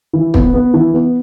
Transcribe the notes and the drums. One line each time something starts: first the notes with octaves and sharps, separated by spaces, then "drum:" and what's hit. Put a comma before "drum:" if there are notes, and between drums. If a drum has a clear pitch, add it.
E3
B3, drum: kick
B3
E3
B3